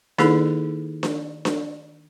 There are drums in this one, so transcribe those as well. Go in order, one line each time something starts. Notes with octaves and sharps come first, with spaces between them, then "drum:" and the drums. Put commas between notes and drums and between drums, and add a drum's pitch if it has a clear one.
D#3 A#3 D#4 E4 G#4 A4, drum: snare D4
drum: snare D4
drum: snare D4